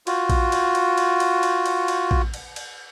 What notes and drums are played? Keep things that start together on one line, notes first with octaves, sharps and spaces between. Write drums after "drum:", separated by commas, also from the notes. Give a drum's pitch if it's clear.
F4 F#4, drum: cymbal
drum: kick A#1, cymbal
drum: cymbal
drum: cymbal
drum: cymbal
drum: cymbal
drum: cymbal
drum: cymbal
drum: cymbal
drum: kick A#1
drum: cymbal
drum: cymbal